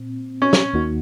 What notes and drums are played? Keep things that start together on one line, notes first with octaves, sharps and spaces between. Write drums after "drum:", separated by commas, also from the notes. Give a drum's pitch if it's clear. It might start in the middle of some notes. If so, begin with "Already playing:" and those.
Already playing: A#2 C4
C#4
drum: snare
D#2 D#3 A#3 D#4 F#4